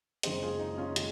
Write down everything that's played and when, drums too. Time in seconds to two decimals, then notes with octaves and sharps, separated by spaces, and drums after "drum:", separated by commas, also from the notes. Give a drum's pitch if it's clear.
0.23 F#1 F#2 D#3 G#3 C4 C5 D#5, drum: hi-hat
0.43 F4 G#4
0.59 D#4
0.78 C#4 F4
0.96 D#3 G#3, drum: hi-hat